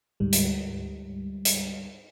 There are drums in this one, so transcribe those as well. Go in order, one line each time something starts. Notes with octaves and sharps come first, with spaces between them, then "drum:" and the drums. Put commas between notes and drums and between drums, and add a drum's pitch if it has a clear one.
D2 G#2 G3
drum: hi-hat
drum: hi-hat